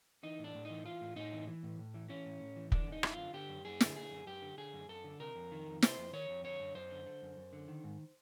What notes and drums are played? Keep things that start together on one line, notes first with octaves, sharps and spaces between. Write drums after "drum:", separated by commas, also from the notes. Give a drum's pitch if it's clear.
E3 D#4
A2
D4
A2
D#4
E3
E3 F4
A2
A2 D#4
E3
E3
A2
A2
E3
E3 C#4
A2
A2
E3
D3 D4, drum: kick
F#2
D#4
F#2 E4, drum: rim click
D3 F4
D3 G4
F#2
F#2 G#4
D3, drum: snare
D3 G#4
F#2
F#2 G4
D3
D3 G#4
F#2
F#2 A4
D3
C3 A#4
F2
D#3
F2
C3 C5, drum: snare
F2
D#3 C#5
F2
D3 C#5
F#2
F#2 C5
D3
D3
F#2
F#2
D3
D#3
G#2